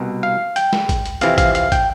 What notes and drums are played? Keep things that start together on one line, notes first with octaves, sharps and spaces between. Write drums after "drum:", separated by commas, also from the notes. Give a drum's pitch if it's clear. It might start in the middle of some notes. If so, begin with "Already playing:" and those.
Already playing: C2 B2
F5
G5, drum: hi-hat
drum: snare
drum: kick, hi-hat
drum: hi-hat
F2 C3 E3 F5, drum: hi-hat
F5, drum: kick, hi-hat
F5, drum: hi-hat
G5, drum: kick, hi-hat